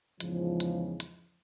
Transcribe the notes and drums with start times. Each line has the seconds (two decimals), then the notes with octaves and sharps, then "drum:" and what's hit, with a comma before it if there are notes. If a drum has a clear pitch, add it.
0.20 E2 G#2 C#3 F3, drum: hi-hat
0.60 drum: hi-hat
1.00 drum: hi-hat